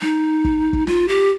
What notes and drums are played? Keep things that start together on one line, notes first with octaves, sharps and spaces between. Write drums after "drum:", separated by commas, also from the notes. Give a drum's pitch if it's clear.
D#4, drum: snare
drum: kick
drum: kick
F4, drum: snare
G4